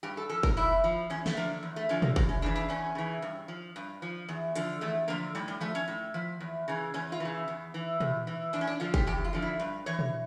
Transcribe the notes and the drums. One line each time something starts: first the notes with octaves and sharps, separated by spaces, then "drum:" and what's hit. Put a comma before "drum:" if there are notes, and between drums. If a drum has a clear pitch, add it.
G2 G4
A4
F3 A4
A#4, drum: kick
G2 E4
F3
E2 C#4
A3, drum: snare
D3 F3 A#3
E2
A3
D3 F3 C#4
A#3, drum: tom
E2 A#3, drum: kick
C#4
C#3 E3 D4
D4
E2 C#4
C#3 E3
G2
F3
G2
F3
E2
D3 F3, drum: hi-hat
E2 A3
D3 F3 A#3
A2 G3
G3
F3 A3
C#4
A2
F3
E2
C#3 E3
E2 C#4
F4
E3
C#3
E2
E3
E2, drum: tom
E3
E2 D4
C#4
D4
D3 F3 F4
G4, drum: kick
E2 G4
F4
D3 F3
E4
G2
E3 C#5
drum: tom